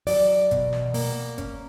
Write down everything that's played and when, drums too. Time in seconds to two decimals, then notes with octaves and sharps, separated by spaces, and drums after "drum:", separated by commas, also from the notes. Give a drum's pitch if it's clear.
0.07 F#3 D5, drum: open hi-hat
0.51 B2, drum: kick G1, hi-hat
0.73 drum: snare
0.94 A#3, drum: open hi-hat
1.38 C#4, drum: kick G1, hi-hat